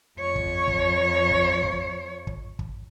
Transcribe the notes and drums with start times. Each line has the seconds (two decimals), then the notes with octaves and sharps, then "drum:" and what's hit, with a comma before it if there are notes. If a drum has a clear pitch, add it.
0.20 F2 C#5
0.36 drum: kick
0.68 drum: kick
1.31 drum: kick
1.63 drum: kick
2.27 drum: kick
2.59 drum: kick